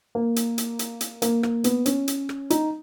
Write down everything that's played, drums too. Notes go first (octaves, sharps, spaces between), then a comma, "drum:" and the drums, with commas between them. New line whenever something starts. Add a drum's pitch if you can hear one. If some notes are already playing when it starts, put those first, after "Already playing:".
A#3
drum: hi-hat
drum: hi-hat
drum: hi-hat
drum: hi-hat
A#3, drum: hi-hat
A#3, drum: rim click
B3, drum: hi-hat
C#4, drum: hi-hat
drum: hi-hat
drum: rim click
D#4, drum: hi-hat